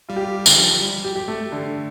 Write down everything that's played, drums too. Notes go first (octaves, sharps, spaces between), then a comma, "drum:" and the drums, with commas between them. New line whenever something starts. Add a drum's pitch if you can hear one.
G3 F4
G4
F4
D3, drum: tambourine
F3
F3
G3
G4
G4
A3
D3